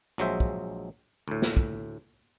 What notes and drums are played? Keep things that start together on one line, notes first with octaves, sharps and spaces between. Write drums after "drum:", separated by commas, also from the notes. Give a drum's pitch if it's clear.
A#1 F#3 G#3 C5 E5
drum: kick
D2 A2
drum: snare
drum: kick